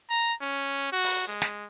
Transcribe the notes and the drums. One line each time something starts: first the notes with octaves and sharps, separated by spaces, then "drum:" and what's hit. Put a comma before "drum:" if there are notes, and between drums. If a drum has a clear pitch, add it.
A#5
C#4
F#4
drum: open hi-hat
G#3
drum: snare